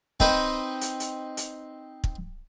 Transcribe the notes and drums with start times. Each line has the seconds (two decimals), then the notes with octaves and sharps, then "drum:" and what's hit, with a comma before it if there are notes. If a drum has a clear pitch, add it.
0.20 C4 D#4 B4 C5 D#5, drum: kick
0.81 drum: hi-hat
1.00 drum: hi-hat
1.37 drum: hi-hat
2.04 drum: kick